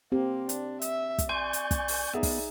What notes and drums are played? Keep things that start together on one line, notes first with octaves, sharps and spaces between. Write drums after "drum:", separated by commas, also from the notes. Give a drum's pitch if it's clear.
A#3 C4 G4
D4, drum: hi-hat
E5, drum: hi-hat
drum: kick, hi-hat
D5 G#5 C6 C#6 G6
drum: hi-hat
drum: kick, hi-hat
drum: open hi-hat
B3 D#4 G#4 E5
drum: kick, open hi-hat